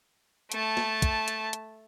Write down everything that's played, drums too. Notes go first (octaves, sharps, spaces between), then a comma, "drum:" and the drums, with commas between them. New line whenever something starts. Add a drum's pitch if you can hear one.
A3 A5, drum: hi-hat
drum: snare
drum: kick, hi-hat
drum: hi-hat
drum: hi-hat